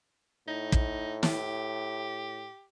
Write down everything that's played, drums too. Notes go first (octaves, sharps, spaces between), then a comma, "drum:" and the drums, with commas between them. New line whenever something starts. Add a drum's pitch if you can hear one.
A2 D#4
drum: kick
G4, drum: snare